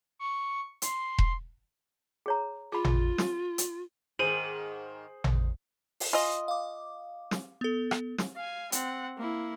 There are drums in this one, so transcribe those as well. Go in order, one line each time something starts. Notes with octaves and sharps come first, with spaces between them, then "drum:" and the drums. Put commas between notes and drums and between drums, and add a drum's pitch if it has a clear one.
C#6
C6, drum: hi-hat
drum: kick E1
G#4 C#5 A#5
F4 G#4 B5
drum: tom A1
drum: snare
drum: hi-hat
G#2 D#3 G#4 C5 D#7 F#7
drum: tom A1
drum: open hi-hat
F4 D#5 G#5
F5 D6
drum: snare
B3 A4
drum: rim click
drum: snare
F5 G#5
C4 F#5, drum: hi-hat
A#3 E4